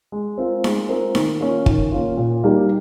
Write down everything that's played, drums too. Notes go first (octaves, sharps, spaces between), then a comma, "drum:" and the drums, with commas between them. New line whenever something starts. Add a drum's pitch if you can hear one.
G#3
C4 F4 A#4
G#3, drum: snare D#4
C4 F4 A#4
D#3, drum: snare D#4
A#3 C#4 F4
D#3, drum: kick
A#3 C#4 F4
A#2
G3 A#3 D#4 G4